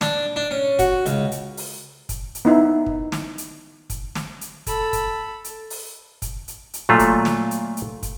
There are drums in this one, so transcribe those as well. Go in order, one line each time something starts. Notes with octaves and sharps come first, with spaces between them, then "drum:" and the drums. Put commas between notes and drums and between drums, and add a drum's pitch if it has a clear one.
D4, drum: snare
D4
C#4
F#4, drum: kick, hi-hat
C#2, drum: hi-hat
drum: hi-hat
drum: open hi-hat
drum: kick, hi-hat
drum: hi-hat
B3 D#4 E4
drum: kick
drum: snare
drum: hi-hat
drum: kick, hi-hat
drum: snare
drum: hi-hat
A4 B5, drum: kick, hi-hat
drum: kick, hi-hat
drum: hi-hat
drum: open hi-hat
drum: kick, hi-hat
drum: hi-hat
drum: hi-hat
A#2 F#3 A3 F4
drum: kick, hi-hat
drum: snare
drum: hi-hat
drum: hi-hat
drum: kick, hi-hat